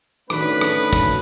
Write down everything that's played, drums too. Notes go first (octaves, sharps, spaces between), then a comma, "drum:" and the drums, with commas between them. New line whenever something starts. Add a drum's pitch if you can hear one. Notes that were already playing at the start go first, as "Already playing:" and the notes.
D#3 A3 C#4 D4 F#4 B4, drum: rim click
drum: rim click
drum: kick, hi-hat